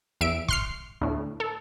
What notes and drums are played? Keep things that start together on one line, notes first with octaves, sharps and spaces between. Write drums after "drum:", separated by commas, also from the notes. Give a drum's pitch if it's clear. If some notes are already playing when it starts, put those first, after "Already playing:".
E2 E5 D7
C6 F6 C7, drum: kick
D2 A2
A4